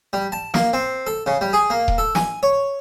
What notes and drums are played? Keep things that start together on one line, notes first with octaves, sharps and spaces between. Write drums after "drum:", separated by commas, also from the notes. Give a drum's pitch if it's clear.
G3
A5
A#3, drum: snare
C4
A4
C#3
G3
G#4
A#3
drum: kick D#1
A4
G#5, drum: snare
C#5